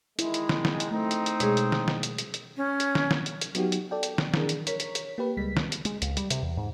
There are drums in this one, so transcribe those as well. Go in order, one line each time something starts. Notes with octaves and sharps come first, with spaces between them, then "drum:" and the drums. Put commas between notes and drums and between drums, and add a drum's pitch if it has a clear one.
D#3 G#3 E4, drum: hi-hat
drum: hi-hat
drum: snare
drum: snare
drum: hi-hat
A3 C4 D#4
drum: hi-hat
drum: hi-hat
B2 G#3 G#4 C#5, drum: hi-hat
drum: hi-hat
drum: snare
drum: snare
drum: hi-hat
drum: hi-hat
drum: hi-hat
C#4
drum: hi-hat
drum: snare
drum: snare
drum: hi-hat
drum: hi-hat
F#3 B3 D#4 F#4 G4, drum: hi-hat
drum: hi-hat
A4 D5 G5
drum: hi-hat
drum: snare
D#3 E3 D4 G#4 A#4, drum: snare
drum: hi-hat
A#4 C#5 B6, drum: hi-hat
drum: hi-hat
drum: hi-hat
A#3 G4 B4
C#2 G3 G#3 B6
drum: snare
drum: hi-hat
G#3, drum: hi-hat
C#2, drum: hi-hat
G3, drum: hi-hat
C3, drum: hi-hat
E2
G#2